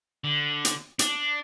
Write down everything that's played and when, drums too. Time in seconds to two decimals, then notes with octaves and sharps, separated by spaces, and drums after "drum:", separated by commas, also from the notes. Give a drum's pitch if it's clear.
0.24 D3
0.65 drum: hi-hat
0.99 D4, drum: hi-hat